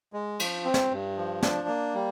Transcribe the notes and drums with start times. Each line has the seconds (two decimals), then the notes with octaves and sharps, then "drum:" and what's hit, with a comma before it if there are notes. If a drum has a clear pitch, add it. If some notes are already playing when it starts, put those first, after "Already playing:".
0.13 G#3
0.40 F3, drum: cymbal
0.65 C4
0.74 drum: snare
0.92 G2
1.17 F3
1.43 D4, drum: snare
1.68 A#3
1.94 G3